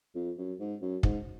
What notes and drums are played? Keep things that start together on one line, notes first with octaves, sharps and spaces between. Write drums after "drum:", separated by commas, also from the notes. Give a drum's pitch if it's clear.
F2
F#2
G#2
F#2
G#2, drum: kick